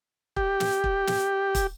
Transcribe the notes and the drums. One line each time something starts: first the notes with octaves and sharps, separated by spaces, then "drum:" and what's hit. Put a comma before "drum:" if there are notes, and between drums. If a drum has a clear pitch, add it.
G4, drum: kick
drum: snare
drum: kick
drum: snare
drum: kick, hi-hat